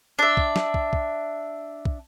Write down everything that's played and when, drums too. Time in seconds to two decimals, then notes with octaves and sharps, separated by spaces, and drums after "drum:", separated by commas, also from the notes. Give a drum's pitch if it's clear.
0.19 D4 E5
0.37 drum: kick
0.56 drum: snare
0.74 drum: kick
0.93 drum: kick
1.85 drum: kick